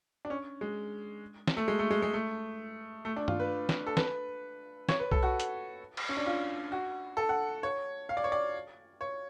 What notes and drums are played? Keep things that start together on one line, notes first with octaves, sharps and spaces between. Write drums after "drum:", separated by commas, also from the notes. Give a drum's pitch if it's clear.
D4
C#4
G#3
drum: snare
A3
G#3
A3
G#3
G#3
A3
A3
D4
F4, drum: tom G2
B4
drum: snare
A4
B4, drum: snare
C#5, drum: snare
B4
A4, drum: kick B1
F#4
drum: hi-hat
drum: cymbal
C#4
D4
F4
F#4
A4
F#5
C#5
F5
D5
C#5
D5
C#5